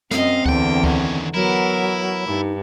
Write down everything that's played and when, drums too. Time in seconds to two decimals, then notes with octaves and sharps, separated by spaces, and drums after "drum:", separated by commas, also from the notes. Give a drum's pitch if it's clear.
0.11 F#2 C4 D#5 F5, drum: snare
0.46 E2 D3 F#5 G5, drum: kick C#2
0.84 D#3 C#4, drum: kick C#2
1.34 F#3 B3 E4 A#4
2.28 G2 D#4